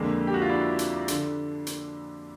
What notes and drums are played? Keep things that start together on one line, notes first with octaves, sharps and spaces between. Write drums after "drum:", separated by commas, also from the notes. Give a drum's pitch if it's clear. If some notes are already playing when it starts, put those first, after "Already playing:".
Already playing: F2 D3 G#3 A#3
G4
F#4
F4
D4 E4
drum: hi-hat
D3, drum: hi-hat
drum: hi-hat